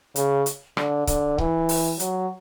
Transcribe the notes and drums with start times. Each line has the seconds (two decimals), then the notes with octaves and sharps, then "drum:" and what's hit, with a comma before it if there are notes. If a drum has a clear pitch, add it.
0.16 C#3, drum: hi-hat
0.46 drum: hi-hat
0.77 D3, drum: rim click
1.07 D3, drum: kick C#1, hi-hat
1.38 E3, drum: kick C#1
1.69 drum: open hi-hat
2.00 F#3, drum: hi-hat